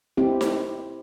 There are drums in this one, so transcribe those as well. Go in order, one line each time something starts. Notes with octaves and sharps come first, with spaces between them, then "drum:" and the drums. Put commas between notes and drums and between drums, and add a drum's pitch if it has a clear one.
C4 E4 G4
drum: snare D#4